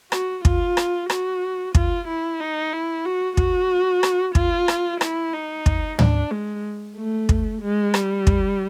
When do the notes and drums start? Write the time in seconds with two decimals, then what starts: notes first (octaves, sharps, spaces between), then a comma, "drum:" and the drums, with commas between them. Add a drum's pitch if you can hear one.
0.12 F#4, drum: rim click
0.45 F4, drum: kick
0.77 drum: rim click
1.10 F#4, drum: rim click
1.75 F4, drum: kick
2.08 E4
2.40 D#4
2.73 E4
3.05 F#4
3.37 F#4, drum: kick
4.03 drum: rim click
4.35 F4, drum: kick
4.68 drum: rim click
5.01 E4, drum: rim click
5.33 D#4
5.66 drum: kick
5.99 D4, drum: tom
6.31 G#3
6.96 A3
7.29 drum: kick
7.62 G#3
7.94 G3, drum: rim click
8.27 drum: kick